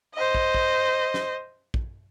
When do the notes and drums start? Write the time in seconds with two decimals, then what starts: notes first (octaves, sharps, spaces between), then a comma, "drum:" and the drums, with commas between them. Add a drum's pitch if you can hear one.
0.15 C5 D#5
0.35 drum: kick
0.54 drum: kick
1.14 drum: snare
1.74 drum: kick